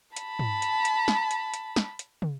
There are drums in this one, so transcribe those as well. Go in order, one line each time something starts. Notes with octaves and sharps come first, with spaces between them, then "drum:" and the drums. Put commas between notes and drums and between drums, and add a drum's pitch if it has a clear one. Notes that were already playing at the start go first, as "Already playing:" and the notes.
A5 B5, drum: hi-hat
drum: tom
drum: hi-hat
drum: hi-hat
drum: snare
drum: hi-hat
drum: hi-hat
drum: snare
drum: hi-hat
drum: tom